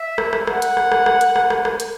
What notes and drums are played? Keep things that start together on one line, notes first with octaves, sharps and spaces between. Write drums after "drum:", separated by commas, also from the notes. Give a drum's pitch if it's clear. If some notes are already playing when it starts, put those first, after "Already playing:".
Already playing: E5
drum: rim click
drum: rim click
F#5, drum: rim click
drum: hi-hat
drum: rim click
drum: rim click
drum: rim click
drum: hi-hat
drum: rim click
drum: rim click
drum: rim click
drum: hi-hat